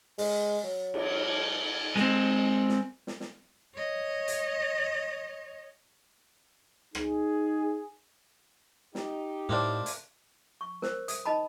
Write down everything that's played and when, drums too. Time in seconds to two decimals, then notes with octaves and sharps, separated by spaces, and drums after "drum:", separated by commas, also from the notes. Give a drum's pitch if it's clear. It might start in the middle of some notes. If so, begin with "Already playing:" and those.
0.18 G#3, drum: open hi-hat
0.64 F#3
0.94 drum: cymbal
1.96 G#3 C4, drum: snare
2.69 drum: snare
3.07 drum: snare
3.20 drum: snare
3.75 C#5 D#5
4.28 drum: hi-hat
6.95 D#4 G#4, drum: rim click
8.95 D#4 G4, drum: snare
9.49 A2 A#3 C4 D4
9.86 drum: hi-hat
10.61 C#6
10.82 A#4 C5, drum: snare
11.08 D#6, drum: hi-hat
11.26 D#4 D#5 A5 B5